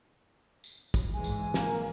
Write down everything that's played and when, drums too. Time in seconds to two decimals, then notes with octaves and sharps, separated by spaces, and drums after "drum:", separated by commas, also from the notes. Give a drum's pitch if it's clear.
0.64 drum: tambourine
0.94 drum: kick, tambourine
1.14 G#2 E3 G#3 G#5
1.24 drum: tambourine
1.54 A#3, drum: snare